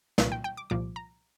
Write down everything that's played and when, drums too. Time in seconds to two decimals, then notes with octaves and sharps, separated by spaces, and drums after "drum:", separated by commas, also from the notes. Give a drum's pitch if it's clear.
0.18 C2 A#2 F3 F5, drum: snare
0.32 G5
0.44 G5
0.57 D6
0.70 C2 A#2 F3 D6
0.96 A#5